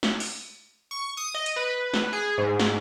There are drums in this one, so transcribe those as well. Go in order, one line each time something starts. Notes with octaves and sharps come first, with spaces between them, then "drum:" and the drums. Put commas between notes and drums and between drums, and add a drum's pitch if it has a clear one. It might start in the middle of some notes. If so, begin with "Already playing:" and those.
drum: snare
drum: open hi-hat
C#6
D#6
D#5
drum: hi-hat
B4
drum: snare
G#4
G#2
drum: snare